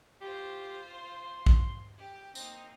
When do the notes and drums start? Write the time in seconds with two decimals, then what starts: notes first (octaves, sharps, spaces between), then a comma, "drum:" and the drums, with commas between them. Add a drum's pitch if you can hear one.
0.21 F4 G4 C5
0.93 C6
1.46 drum: kick
1.97 G4
2.35 A#3 C4 D#4, drum: tambourine